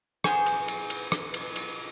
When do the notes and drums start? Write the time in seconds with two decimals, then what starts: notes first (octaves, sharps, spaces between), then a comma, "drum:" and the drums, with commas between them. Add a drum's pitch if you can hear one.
0.24 B3 G#4 C5, drum: rim click
0.46 drum: cymbal
0.68 drum: cymbal
0.90 drum: cymbal
1.12 drum: rim click
1.34 drum: cymbal
1.56 drum: cymbal